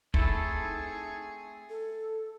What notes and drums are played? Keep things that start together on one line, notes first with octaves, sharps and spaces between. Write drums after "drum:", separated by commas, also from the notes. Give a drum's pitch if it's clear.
A3 C4 D#4 E4 G#4 A4, drum: kick
A4